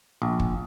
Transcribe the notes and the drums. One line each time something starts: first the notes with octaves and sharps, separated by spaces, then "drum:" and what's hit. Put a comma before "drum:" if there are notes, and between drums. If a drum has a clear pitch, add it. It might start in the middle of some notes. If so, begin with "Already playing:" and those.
A#1
drum: kick